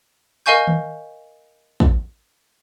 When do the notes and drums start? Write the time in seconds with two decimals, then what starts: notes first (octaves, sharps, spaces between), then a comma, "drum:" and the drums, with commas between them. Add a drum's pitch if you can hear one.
0.46 A#4 D#5 F5 G#5 C#6 G6
0.67 drum: tom D#3
1.80 drum: kick